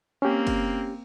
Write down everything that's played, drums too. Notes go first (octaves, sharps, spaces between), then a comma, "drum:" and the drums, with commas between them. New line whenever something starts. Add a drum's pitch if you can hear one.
A#3 C4 C#4 G4
drum: kick, cymbal